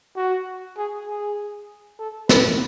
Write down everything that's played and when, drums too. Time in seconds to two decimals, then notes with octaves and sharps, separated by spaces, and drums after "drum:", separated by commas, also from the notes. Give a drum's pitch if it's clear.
0.16 F#4
0.77 G#4
1.07 G#4
1.99 A4
2.29 B4, drum: snare